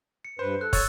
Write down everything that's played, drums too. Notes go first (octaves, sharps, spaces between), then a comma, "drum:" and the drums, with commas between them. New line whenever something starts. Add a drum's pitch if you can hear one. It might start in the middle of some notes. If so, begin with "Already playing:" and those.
C#7
G2 B4 C5
A4 F#6
C#5 E6 A6, drum: kick, open hi-hat